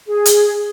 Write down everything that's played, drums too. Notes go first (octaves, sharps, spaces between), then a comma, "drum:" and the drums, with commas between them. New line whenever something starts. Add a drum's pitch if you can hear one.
G#4
drum: hi-hat